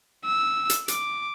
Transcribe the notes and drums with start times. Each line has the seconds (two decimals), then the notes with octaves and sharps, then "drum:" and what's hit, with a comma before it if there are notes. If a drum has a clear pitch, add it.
0.25 E6
0.70 drum: hi-hat
0.88 D6, drum: hi-hat